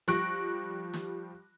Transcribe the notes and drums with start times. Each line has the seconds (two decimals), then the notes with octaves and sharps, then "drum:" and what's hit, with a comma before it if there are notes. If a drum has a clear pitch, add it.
0.08 F3 G3 C#6 F#6 A#6 D7, drum: snare
0.94 drum: snare